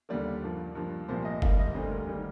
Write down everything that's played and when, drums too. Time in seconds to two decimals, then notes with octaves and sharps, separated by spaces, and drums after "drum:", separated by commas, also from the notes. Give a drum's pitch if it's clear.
0.09 D#2 D3 G3 A#3 D5
0.43 G2 F3 A#3
0.75 G2 F3 A#3
1.08 C2 A#2 F3 A#3 C5
1.25 D#5
1.42 G#2 G3 A#3 F5, drum: kick F#1
1.59 D#5
1.75 D2 D3 G3 A#3 C5
1.91 A#4
2.08 D#3 G3 A#3 G#4